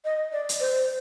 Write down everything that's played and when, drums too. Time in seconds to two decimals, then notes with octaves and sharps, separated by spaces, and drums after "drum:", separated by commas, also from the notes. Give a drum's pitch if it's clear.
0.05 D#5
0.33 D5
0.49 drum: hi-hat
0.60 C5